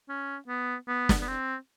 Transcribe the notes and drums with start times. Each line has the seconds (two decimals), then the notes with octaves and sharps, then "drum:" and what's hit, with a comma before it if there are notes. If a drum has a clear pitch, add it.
0.09 C#4
0.48 B3
0.88 B3
1.09 drum: snare
1.22 B3
1.27 C4